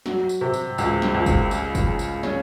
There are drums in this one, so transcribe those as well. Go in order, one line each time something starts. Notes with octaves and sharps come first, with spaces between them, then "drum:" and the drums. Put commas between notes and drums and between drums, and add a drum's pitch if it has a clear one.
F#3, drum: snare
drum: tambourine
C3
drum: tambourine
C#2, drum: tambourine
drum: snare
C#2
drum: kick F#1, tambourine
C#3, drum: tambourine
drum: kick F#1, tambourine
C#3
drum: tambourine
C#4, drum: snare